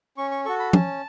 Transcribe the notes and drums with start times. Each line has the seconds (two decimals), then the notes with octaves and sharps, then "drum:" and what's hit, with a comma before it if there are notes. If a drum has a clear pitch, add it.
0.17 C#4 C#6
0.31 C#6
0.45 F#4 A4 C#6
0.59 B5
0.73 C#4 A5, drum: tom